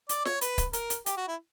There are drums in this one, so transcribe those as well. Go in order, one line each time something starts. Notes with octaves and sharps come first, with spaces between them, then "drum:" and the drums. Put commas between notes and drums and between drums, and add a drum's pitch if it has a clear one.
D5, drum: hi-hat
C#5, drum: snare
B4, drum: hi-hat
drum: kick, hi-hat
A#4, drum: hi-hat
drum: hi-hat
G4, drum: hi-hat
F#4
E4